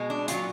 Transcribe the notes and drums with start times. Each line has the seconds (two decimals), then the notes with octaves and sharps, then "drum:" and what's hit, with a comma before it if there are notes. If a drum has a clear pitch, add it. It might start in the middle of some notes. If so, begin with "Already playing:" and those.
Already playing: B2 G#3
0.10 D4
0.28 A#2 F#3 F4, drum: hi-hat